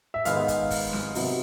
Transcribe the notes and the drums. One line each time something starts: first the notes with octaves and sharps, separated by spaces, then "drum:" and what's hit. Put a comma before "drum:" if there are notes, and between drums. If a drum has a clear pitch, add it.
E5
G#2 D#3 G#3 B3 F5, drum: hi-hat
drum: kick, hi-hat
drum: kick, open hi-hat
drum: snare
C3 D#3 F#3 B3, drum: open hi-hat